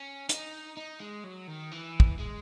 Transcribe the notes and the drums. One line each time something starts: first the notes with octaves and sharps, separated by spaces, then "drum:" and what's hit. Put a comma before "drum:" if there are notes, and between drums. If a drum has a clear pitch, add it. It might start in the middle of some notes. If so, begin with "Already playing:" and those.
Already playing: C#4
D#4, drum: hi-hat
D#4
G#3
F#3
D#3
E3
drum: kick
G#3